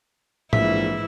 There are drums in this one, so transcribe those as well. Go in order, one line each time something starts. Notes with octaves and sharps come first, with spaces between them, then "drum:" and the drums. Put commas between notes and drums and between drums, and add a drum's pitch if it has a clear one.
A#1 G#2 E3 E4 E5, drum: tom